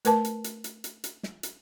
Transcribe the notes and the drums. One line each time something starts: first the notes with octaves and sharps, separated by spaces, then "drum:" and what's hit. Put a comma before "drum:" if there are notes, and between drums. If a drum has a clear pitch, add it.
A3 A#4 B4 A5, drum: hi-hat
drum: hi-hat
drum: hi-hat
drum: hi-hat
drum: hi-hat
drum: hi-hat
drum: snare
drum: hi-hat